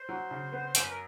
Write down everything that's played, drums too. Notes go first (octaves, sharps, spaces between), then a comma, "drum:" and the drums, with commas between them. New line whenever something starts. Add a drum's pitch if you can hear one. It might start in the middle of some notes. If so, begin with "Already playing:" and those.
Already playing: C5
F#3
C#3
B3
F#2 C5, drum: hi-hat
B4
A#4